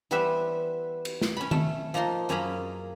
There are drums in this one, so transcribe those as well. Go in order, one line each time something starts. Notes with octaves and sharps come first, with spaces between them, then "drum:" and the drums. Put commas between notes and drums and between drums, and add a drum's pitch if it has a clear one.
E3 G3 B3 B4 C5 E5
drum: cymbal
drum: snare
C#4 B5
A3, drum: tom D#3
F3 A#3 D#4 A#5 C6
F#2 A#3 C#4 G#4 A#5 B5